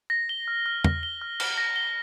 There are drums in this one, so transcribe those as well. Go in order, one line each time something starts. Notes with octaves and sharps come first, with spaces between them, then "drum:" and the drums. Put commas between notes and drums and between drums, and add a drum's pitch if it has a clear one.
A#6
G7
F6
F6
A#6, drum: tom
G7
F6
F6, drum: cymbal
A#6
G7